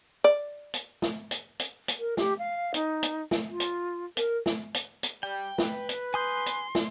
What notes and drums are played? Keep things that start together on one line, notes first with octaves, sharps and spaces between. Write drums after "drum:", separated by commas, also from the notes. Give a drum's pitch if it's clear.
D5
drum: hi-hat
drum: snare
drum: hi-hat
drum: hi-hat
drum: hi-hat
A#4
G4, drum: snare
F5
D#4, drum: hi-hat
drum: hi-hat
drum: snare
F4
drum: hi-hat
A#4, drum: hi-hat
drum: snare
drum: hi-hat
drum: hi-hat
G3 G5
B4, drum: snare
drum: hi-hat
G#5 C6 D#6 G6
drum: hi-hat
drum: snare